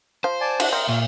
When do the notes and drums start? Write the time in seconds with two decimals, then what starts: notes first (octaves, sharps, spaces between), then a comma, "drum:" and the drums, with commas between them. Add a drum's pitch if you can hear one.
0.24 F3 C5 F5
0.41 D5 G#5 A5
0.60 D4 E4 F#4, drum: cymbal
0.73 C4 A#4 D#5
0.89 A#2 F5 C#6